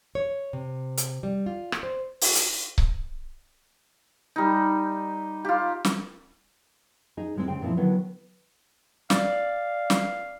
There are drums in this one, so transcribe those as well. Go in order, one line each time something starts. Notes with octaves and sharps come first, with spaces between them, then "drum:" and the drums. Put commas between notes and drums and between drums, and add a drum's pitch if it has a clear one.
C#5
C3
drum: hi-hat
G3
F4
drum: rim click
C5
drum: open hi-hat
drum: hi-hat
drum: kick C#1
G3 D#4
F4 G4
drum: snare
D#4 G#4
A2 G#3 C4
C#3 C4 G5
A#2 F3 C4 E4
D3 D#3 F#3 B3 E4
D5 F5, drum: snare
drum: snare